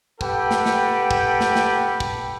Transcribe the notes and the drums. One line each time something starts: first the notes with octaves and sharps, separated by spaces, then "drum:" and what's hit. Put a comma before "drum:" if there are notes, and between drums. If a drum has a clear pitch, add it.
G4 A4 B4 F#5 G5, drum: kick
drum: snare
drum: snare
drum: kick
drum: snare
drum: snare
drum: kick